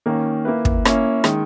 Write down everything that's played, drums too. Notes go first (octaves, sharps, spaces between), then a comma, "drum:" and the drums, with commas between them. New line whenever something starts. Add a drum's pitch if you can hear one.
D#3 A#3 C#4
A#3 E4 B4
drum: kick
A#3 C#4 E4, drum: rim click
D#3 G#3, drum: rim click